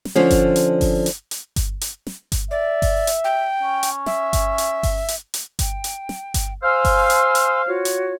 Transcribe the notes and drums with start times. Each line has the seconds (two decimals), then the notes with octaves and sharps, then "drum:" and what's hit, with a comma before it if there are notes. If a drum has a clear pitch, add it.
0.05 drum: snare
0.16 D3 F3 C#4
0.30 drum: kick G1, hi-hat
0.56 drum: hi-hat
0.81 drum: kick G1, open hi-hat
1.06 drum: hi-hat
1.31 drum: hi-hat
1.56 drum: kick G1, hi-hat
1.81 drum: hi-hat
2.07 drum: snare
2.32 drum: kick G1, hi-hat
2.51 D5 E5
2.82 drum: kick G1, open hi-hat
3.07 drum: hi-hat
3.24 G5
3.63 C#4
3.83 drum: hi-hat
4.06 E5, drum: snare
4.33 drum: kick G1, hi-hat
4.58 drum: hi-hat
4.83 drum: kick G1, open hi-hat
5.08 drum: hi-hat
5.34 drum: hi-hat
5.59 G5, drum: kick G1, hi-hat
5.84 drum: hi-hat
6.09 drum: snare
6.34 drum: kick G1, hi-hat
6.63 C5 F5 G#5 C6 E6
6.85 drum: kick G1, open hi-hat
7.10 drum: hi-hat
7.35 drum: hi-hat
7.67 F4 F#4 C#5
7.85 drum: hi-hat